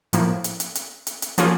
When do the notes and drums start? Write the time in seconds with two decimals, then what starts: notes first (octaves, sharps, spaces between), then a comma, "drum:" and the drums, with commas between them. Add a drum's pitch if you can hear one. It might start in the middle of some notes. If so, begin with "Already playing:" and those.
0.13 A2 F3 A#3, drum: hi-hat
0.44 drum: hi-hat
0.60 drum: hi-hat
0.75 drum: hi-hat
1.07 drum: hi-hat
1.22 drum: hi-hat
1.38 F3 A#3 C#4 F4 G#4, drum: hi-hat